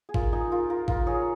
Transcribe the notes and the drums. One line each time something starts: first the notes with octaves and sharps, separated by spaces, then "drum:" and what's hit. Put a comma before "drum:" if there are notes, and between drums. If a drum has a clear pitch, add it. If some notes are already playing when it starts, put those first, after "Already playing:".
G#4
F4 A#4, drum: kick G#1
D#4 G#4
F4 A#4
F4 A#4
F4 A#4, drum: kick G#1
G#4 C#5